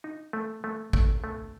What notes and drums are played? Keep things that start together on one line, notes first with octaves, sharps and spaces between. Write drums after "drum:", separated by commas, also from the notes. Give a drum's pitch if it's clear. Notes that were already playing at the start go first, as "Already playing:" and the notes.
D#4
A3
A3
A3, drum: kick
A3